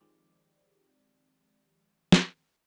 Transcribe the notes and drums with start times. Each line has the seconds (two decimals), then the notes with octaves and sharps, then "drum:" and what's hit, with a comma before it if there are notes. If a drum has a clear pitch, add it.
0.01 D#3 F3 G#3 C4 G4 D5
2.12 drum: snare